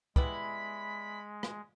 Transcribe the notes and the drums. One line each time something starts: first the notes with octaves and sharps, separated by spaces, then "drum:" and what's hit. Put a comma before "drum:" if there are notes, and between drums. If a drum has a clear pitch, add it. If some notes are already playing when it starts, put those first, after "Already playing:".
G3 G#3 B3 E4 B5, drum: kick
drum: rim click